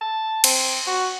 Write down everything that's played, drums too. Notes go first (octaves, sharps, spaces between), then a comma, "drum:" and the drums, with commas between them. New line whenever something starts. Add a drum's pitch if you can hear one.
A5
C4, drum: cymbal
F#4